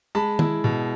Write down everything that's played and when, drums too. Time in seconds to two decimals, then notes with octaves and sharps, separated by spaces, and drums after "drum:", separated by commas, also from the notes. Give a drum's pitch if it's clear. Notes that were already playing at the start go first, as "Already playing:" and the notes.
0.15 G#3 A5 B5
0.39 E4, drum: tom D#3
0.64 B2